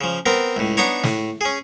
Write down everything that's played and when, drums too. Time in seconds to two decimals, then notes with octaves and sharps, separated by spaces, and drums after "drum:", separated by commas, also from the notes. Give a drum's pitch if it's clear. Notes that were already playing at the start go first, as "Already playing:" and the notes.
0.01 C#3 F3
0.26 B3 C4 A#4
0.57 C#2 A2
0.77 B3 D4 D#4 C#5, drum: hi-hat
1.04 A2, drum: snare
1.41 C#4 G#4